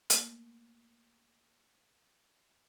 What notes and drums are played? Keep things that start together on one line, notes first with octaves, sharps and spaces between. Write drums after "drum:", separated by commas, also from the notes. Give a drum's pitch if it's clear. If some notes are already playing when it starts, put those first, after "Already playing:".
A3 A#3 A#4, drum: hi-hat